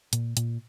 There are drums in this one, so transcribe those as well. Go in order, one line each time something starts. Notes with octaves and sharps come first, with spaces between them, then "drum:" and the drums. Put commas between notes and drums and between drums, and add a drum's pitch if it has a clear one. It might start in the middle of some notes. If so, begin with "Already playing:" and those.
A#2, drum: hi-hat
A#2, drum: hi-hat